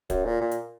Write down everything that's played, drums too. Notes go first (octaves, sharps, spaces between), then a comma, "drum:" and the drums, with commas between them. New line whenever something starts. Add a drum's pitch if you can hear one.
F#2, drum: kick, hi-hat
A#2
A#2
drum: hi-hat